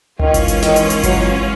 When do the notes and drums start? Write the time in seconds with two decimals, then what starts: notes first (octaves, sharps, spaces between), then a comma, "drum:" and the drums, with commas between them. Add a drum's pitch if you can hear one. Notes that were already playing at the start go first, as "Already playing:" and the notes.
0.20 D#3 E3 G#3 C#4 F4, drum: tom C#2
0.34 drum: kick G1, hi-hat
0.48 drum: hi-hat
0.62 D#3, drum: snare
0.76 drum: hi-hat
0.90 drum: hi-hat
1.03 F#3, drum: kick G1, hi-hat